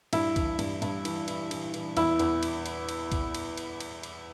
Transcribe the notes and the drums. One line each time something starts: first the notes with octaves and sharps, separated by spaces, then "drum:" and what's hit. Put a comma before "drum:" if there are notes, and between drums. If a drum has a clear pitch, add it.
G2 E4, drum: cymbal
E3, drum: kick, cymbal
G2, drum: cymbal
G2, drum: cymbal
E3, drum: cymbal
E3, drum: cymbal
E3, drum: cymbal
E3, drum: cymbal
E2 E4, drum: cymbal
E2, drum: cymbal
drum: cymbal
drum: cymbal
drum: cymbal
drum: kick, cymbal
drum: cymbal
drum: cymbal
drum: cymbal
drum: cymbal